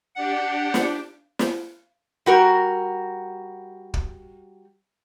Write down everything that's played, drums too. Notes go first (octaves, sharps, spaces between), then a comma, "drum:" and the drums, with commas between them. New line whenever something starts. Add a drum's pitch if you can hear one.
D4 G4 F#5
drum: snare
drum: snare
G3 F#4 A#4
drum: kick